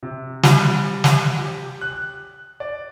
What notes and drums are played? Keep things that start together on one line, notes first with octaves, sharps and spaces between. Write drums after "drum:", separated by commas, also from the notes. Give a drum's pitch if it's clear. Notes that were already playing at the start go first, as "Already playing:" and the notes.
C3
G3, drum: snare
drum: snare
G4
F#6
D5